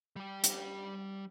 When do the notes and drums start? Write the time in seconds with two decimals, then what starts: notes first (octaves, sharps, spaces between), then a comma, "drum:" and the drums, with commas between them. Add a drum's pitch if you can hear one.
0.16 G3 G4
0.44 drum: hi-hat